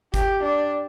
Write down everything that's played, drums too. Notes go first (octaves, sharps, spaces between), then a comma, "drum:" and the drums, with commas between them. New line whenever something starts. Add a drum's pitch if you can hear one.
G4, drum: kick G1, hi-hat
D4